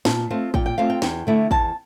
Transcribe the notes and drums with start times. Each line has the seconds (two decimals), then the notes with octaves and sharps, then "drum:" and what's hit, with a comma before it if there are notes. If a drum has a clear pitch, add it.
0.05 A#2 A5, drum: snare
0.30 A3 C4 F4
0.54 A#2 G5, drum: kick
0.66 G5
0.78 A3 C4 F4 F5
0.90 G5
1.02 E2 G5, drum: snare
1.27 D3 A3 E4
1.51 E2 A5, drum: kick